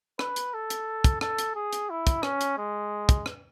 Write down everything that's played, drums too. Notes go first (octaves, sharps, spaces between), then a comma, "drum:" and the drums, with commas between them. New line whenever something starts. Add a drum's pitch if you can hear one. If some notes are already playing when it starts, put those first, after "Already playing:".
B4, drum: rim click
drum: hi-hat
A4
drum: hi-hat
drum: kick, hi-hat
A4, drum: rim click
drum: hi-hat
G#4
drum: hi-hat
E4
drum: kick, hi-hat
C#4, drum: rim click
drum: hi-hat
G#3
drum: kick, hi-hat
drum: rim click